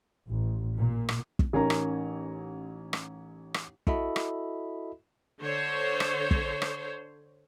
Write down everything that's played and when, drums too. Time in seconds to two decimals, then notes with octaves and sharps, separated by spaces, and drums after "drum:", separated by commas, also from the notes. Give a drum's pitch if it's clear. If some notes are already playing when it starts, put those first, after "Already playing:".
0.28 A1
0.78 A#2
1.09 drum: rim click
1.39 drum: kick
1.53 A1 C#4 D#4 A#4 A#5
1.70 drum: rim click
2.93 drum: rim click
3.54 drum: rim click
3.87 E4 F#4 A4 D#5 E5 B5, drum: kick
4.16 drum: rim click
5.43 D3 C5 C#5
6.00 drum: rim click
6.31 drum: kick
6.62 drum: rim click